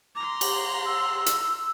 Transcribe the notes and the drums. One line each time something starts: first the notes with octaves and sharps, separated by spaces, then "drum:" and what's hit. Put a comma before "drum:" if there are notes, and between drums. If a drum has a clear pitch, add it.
A#5 C6 D6
drum: cymbal
E6
drum: hi-hat